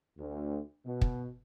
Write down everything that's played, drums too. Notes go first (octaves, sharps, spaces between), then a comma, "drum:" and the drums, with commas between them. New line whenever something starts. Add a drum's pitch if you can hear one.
D2
B2
drum: kick